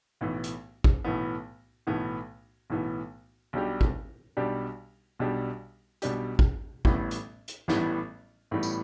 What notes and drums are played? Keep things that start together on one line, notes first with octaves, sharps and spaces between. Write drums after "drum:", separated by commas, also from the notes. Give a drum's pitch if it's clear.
B1 A2 E3 B3
drum: hi-hat
drum: kick G#1
B1 A2 E3 B3
B1 A2 E3 B3
B1 A2 E3 B3
B1 B2 G3 D4 G4
drum: kick G#1
B1 B2 G3 D4 G4
B1 B2 G3 D4 G4
B1 B2 G3 D4 G4, drum: hi-hat
drum: kick G#1
A1 A2 E3 G3 B3, drum: kick G#1
drum: hi-hat
drum: hi-hat
A1 A2 E3 G3 B3, drum: snare
A1 A2 E3 G3 B3
drum: tambourine